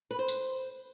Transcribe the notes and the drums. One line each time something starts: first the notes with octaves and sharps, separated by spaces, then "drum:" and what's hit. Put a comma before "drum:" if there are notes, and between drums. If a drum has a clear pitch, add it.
B4
C5
drum: tambourine